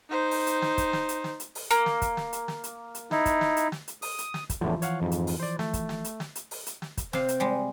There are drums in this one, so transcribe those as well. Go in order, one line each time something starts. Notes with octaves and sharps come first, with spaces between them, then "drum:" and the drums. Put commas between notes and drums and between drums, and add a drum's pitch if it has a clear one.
D#4 C5
drum: open hi-hat
drum: hi-hat
drum: snare
drum: kick, hi-hat
drum: snare
drum: hi-hat
drum: snare
drum: hi-hat
drum: open hi-hat
A#3, drum: hi-hat
drum: snare
drum: kick, hi-hat
drum: snare
drum: hi-hat
drum: snare
drum: hi-hat
drum: hi-hat
D#4 E4, drum: snare
drum: kick, hi-hat
drum: snare
drum: hi-hat
drum: snare
drum: hi-hat
D#6, drum: open hi-hat
drum: hi-hat
drum: snare
drum: kick, hi-hat
E2 A2 D3 E3 F3
C#5 F5 F#5, drum: hi-hat
F2 G#2
drum: hi-hat
drum: open hi-hat
C5 D5
A3, drum: snare
drum: kick, hi-hat
drum: snare
drum: hi-hat
drum: snare
drum: hi-hat
drum: open hi-hat
drum: hi-hat
drum: snare
drum: kick, hi-hat
C3 C5 F5, drum: snare
drum: hi-hat
G3 G#3